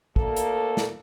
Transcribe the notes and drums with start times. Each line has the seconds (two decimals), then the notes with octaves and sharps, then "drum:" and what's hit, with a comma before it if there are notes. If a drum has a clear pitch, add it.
0.16 D2 A#3 A4, drum: kick
0.36 drum: hi-hat
0.77 drum: snare